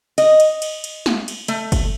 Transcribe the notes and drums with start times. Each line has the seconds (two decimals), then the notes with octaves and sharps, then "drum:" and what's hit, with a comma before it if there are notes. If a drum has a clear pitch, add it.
0.18 D#5, drum: cymbal
0.40 drum: cymbal
0.62 drum: cymbal
0.84 drum: cymbal
1.06 drum: snare
1.28 drum: cymbal
1.48 A3, drum: cymbal
1.72 drum: kick G1, cymbal